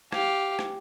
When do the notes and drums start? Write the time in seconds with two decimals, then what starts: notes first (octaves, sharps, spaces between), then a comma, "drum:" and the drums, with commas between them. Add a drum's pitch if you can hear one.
0.12 G4 F5, drum: rim click
0.59 drum: rim click